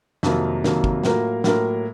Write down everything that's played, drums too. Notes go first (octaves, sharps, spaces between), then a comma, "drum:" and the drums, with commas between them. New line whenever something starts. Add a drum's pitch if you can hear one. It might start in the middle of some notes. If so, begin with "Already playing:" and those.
F2 C3 D#3 F#3 A#3, drum: snare
F2 C3 D#3 F#3 A#3, drum: snare
drum: kick
A2 F#3 A#3 F4 A#4, drum: snare
A2 F#3 A#3 F4 A#4, drum: snare